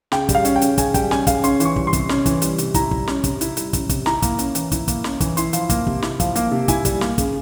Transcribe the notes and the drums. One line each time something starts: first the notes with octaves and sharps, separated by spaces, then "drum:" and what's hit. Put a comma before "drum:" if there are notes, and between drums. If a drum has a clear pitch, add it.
C#3 G5, drum: snare
G3, drum: kick, hi-hat
F5
C#4, drum: hi-hat
G5
C#3, drum: hi-hat
C#3 G#5, drum: kick, hi-hat
G3 G5, drum: kick, hi-hat
C#4 G#5, drum: snare
C#3 F5, drum: kick, hi-hat
C#4 C6, drum: hi-hat
E3, drum: hi-hat
C#6
G3, drum: kick
C6
C3, drum: kick, hi-hat
C#4, drum: snare
E3, drum: kick, hi-hat
G3, drum: hi-hat
C3, drum: hi-hat
E4 A#5, drum: kick, hi-hat
G3, drum: kick
C#4, drum: snare
C3, drum: kick, hi-hat
E4, drum: hi-hat
G3, drum: hi-hat
C#4, drum: kick, hi-hat
C3, drum: kick, hi-hat
E4 A#5, drum: snare
A#3, drum: kick, hi-hat
C#4, drum: hi-hat
E3, drum: hi-hat
E4, drum: kick, hi-hat
A#3, drum: kick, hi-hat
C#4, drum: snare
E3, drum: kick, hi-hat
E4 C6, drum: hi-hat
F3, drum: hi-hat
A#3, drum: kick, hi-hat
C3, drum: kick
E4, drum: snare
F3, drum: kick, hi-hat
A#3, drum: hi-hat
C3
E4 G#5, drum: kick, hi-hat
G3, drum: kick, hi-hat
A#3, drum: snare
C#3, drum: kick, hi-hat